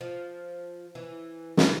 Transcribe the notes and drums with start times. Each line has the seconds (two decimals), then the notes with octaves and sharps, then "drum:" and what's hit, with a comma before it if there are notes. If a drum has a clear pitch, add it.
0.01 F3
0.95 E3
1.57 E3, drum: snare